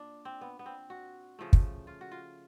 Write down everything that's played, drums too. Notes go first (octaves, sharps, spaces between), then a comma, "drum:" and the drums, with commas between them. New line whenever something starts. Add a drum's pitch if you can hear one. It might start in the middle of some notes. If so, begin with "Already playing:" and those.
Already playing: A#2 D4
C4
B3
B3
C4
F#4
C#3 F3 A3
drum: kick
F4
F#4
F4